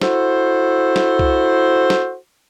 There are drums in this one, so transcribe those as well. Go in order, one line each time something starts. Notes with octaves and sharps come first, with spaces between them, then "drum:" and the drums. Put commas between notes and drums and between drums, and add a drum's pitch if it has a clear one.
E4 F#4 A4 C5, drum: snare
drum: snare
drum: kick C2
drum: snare